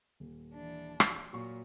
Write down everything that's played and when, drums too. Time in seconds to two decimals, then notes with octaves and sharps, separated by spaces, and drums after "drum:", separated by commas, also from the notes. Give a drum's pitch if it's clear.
0.20 D#1
0.54 E3 D4
1.00 drum: rim click
1.33 A#2 F#3 C#6